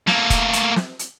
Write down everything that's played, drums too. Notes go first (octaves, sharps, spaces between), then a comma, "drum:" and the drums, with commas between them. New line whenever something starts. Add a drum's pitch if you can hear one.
A3 A#3, drum: snare
drum: kick, hi-hat
drum: hi-hat
drum: snare
drum: hi-hat